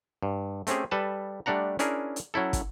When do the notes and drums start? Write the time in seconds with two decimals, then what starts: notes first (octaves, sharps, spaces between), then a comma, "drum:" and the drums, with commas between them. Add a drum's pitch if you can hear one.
0.23 G2
0.67 A3 C4 C#4 G4 G#4, drum: hi-hat
0.91 G3 A4 B4 A5
1.46 G3 A3 D4 F#5 A#5
1.79 C#4 D4 E4 G#4 A#4, drum: hi-hat
2.16 drum: hi-hat
2.34 F#3 C#4 E4 A4
2.53 drum: kick, hi-hat